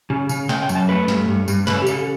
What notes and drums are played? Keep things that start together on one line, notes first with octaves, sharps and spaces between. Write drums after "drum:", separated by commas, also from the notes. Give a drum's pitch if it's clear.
C#3
C#3, drum: tambourine
C#3 G5, drum: snare
G5
F#2, drum: tambourine
A5
A3 B4
G2, drum: snare
G2
G2, drum: tambourine
C#3 B4, drum: snare
A4
G4
C#3 A4, drum: tambourine